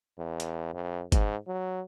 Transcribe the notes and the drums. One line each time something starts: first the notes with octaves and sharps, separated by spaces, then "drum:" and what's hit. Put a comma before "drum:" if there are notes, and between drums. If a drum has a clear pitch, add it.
E2
drum: hi-hat
F2
G#2, drum: kick G1, hi-hat
F#3